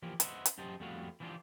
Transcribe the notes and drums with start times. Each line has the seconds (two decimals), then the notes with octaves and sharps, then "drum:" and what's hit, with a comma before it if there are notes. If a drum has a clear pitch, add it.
0.03 E3 F3 A#3 G4
0.20 B4 C5 D#5 E5 F#5 B5, drum: hi-hat
0.46 drum: hi-hat
0.58 F#2 F#3 G4 C5 D#5 A5
0.80 F2 G3 A3 B3 F#4 F5
1.20 E3 F3 B3 D4 F4 G4